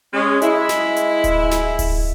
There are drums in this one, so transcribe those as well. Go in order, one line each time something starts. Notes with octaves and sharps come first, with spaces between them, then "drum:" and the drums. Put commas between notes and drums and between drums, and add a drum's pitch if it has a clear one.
G#3 C#4
G#3 E4, drum: hi-hat
drum: snare
drum: hi-hat
drum: kick D1, hi-hat
drum: snare
drum: kick D1, open hi-hat